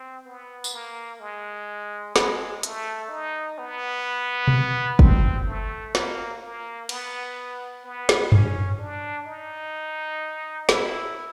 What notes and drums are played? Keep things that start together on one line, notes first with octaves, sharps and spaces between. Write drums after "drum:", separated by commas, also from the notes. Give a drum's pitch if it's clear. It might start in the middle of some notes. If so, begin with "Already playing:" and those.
Already playing: C4
B3
drum: tambourine
A#3
G#3
G#3, drum: snare
A3, drum: hi-hat
D#4
B3
drum: tom B2
C4, drum: kick
A3
A#3, drum: snare
A#3
B3, drum: cymbal
B3
drum: snare
C#4, drum: tom F#2
D4
D#4
E4, drum: snare